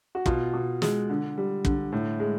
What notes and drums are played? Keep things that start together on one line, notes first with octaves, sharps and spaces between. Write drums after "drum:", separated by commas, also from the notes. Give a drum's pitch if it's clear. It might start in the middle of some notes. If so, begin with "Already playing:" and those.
F#4
B2 F4, drum: kick
B2
G#3, drum: snare
D3
G3
D3, drum: kick
A2
G#3